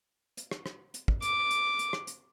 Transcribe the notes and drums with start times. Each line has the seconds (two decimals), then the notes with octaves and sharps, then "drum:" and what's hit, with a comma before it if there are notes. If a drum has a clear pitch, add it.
0.37 drum: hi-hat
0.51 drum: rim click
0.66 drum: rim click
0.94 drum: hi-hat
1.08 drum: kick
1.22 D6, drum: hi-hat
1.51 drum: hi-hat
1.79 drum: hi-hat
1.93 drum: rim click
2.07 drum: hi-hat